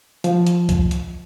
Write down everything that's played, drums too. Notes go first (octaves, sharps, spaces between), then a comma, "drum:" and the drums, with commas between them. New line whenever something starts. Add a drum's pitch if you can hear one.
F3, drum: hi-hat
drum: hi-hat
drum: kick C2, hi-hat
drum: hi-hat